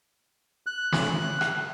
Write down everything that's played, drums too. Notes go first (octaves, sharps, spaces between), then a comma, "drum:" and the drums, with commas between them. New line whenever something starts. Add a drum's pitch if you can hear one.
F#6
drum: snare
drum: rim click